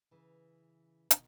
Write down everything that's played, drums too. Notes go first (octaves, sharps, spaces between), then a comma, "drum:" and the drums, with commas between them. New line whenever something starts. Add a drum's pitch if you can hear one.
C#3 E3
B2 D#3, drum: hi-hat